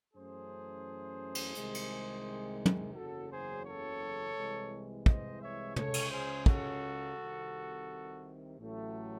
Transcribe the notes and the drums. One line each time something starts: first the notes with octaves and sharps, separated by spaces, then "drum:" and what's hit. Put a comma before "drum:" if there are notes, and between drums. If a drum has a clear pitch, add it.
F#2 E3 A3 C#4 G#4 C5
drum: cymbal
C2 C3 D#3 G#3, drum: hi-hat
drum: cymbal
drum: tom
F#1 E2 C#3 F#3 F#4 A4
G#4 C5
A4 C#5
C2 C3 E3 G#3
C5 D#5, drum: kick
C#5 E5
C#2 C#3 G#3 C#4 A4 C#5, drum: tom
drum: cymbal
G#4 C5
F#4 A4, drum: kick
C2 C3 D#3
A1 A2 F#3 A3